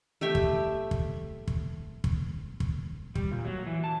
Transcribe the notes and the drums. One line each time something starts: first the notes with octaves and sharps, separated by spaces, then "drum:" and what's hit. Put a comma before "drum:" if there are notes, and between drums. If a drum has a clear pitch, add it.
A3 G4 E5
drum: kick
drum: kick
drum: kick
drum: kick
drum: kick
G3, drum: kick
A#2
F#3
E3
A5